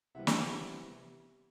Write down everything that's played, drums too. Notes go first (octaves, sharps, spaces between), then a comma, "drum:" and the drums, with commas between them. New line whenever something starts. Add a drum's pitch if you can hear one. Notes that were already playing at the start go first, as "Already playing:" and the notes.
C3 E3 G3 B3 E5 F#5
drum: snare